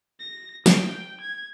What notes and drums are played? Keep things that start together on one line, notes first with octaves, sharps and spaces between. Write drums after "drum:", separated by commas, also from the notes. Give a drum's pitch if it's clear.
A#6
G5, drum: snare
G#6